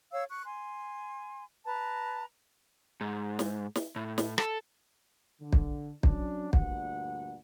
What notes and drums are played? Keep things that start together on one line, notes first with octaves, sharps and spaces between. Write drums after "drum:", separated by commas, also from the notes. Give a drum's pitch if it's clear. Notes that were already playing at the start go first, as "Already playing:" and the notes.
C#5 F5 E6
C#6 F#6
G#5 C6
B4 A5 A#5
G#2
drum: snare
drum: snare
A2
drum: snare
A4, drum: rim click
D3
drum: kick
F#3 C#4 D4, drum: kick
D2 G2 A#2 F#5, drum: kick